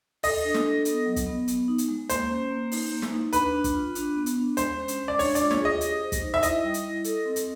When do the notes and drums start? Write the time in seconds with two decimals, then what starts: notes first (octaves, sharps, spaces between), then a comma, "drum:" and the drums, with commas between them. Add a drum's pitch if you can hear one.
0.23 A4 D#5, drum: open hi-hat
0.45 D4
0.54 drum: snare
0.65 A4
0.85 B3, drum: hi-hat
1.06 F#3
1.16 drum: kick, hi-hat
1.26 B3
1.48 B3, drum: hi-hat
1.68 D#4
1.78 drum: hi-hat
1.89 G#3
2.09 A#3 C5, drum: hi-hat
2.30 C#4
2.50 A#3
2.72 D#4, drum: open hi-hat
2.92 A#3
3.02 drum: snare
3.12 D#4
3.33 D4 B4, drum: hi-hat
3.54 D4
3.64 drum: kick, hi-hat
3.74 F4
3.95 D4, drum: hi-hat
4.16 B3
4.26 drum: hi-hat
4.37 D4
4.57 G#3 C5, drum: hi-hat
4.78 C#4
4.88 drum: hi-hat
4.98 G#3
5.08 D5
5.19 D4 C#5, drum: open hi-hat
5.35 F4 D5, drum: hi-hat
5.51 C#5, drum: snare
5.60 G#4 D#5
5.81 G4, drum: hi-hat
6.02 C5
6.12 drum: kick, hi-hat
6.22 D#4
6.34 E5
6.43 E4 D#5, drum: hi-hat
6.64 G3
6.74 drum: hi-hat
6.84 E4
7.04 A4, drum: hi-hat
7.25 C4
7.36 drum: hi-hat